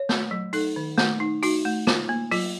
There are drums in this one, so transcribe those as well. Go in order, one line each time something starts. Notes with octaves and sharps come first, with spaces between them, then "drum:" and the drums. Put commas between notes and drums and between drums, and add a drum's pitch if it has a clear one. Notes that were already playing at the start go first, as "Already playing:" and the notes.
Already playing: C#5
A3, drum: snare
F#3
D#4 A4, drum: open hi-hat
D#3
A3, drum: snare
D#4
D#4 F#4, drum: open hi-hat
A3
F4, drum: snare
A#3
F#3 F4, drum: open hi-hat